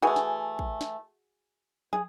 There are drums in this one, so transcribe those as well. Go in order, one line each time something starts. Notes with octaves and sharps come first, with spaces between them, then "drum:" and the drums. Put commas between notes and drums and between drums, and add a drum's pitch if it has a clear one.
E3 A3 F#4 G#4
drum: snare
drum: kick
drum: snare
G#4, drum: tom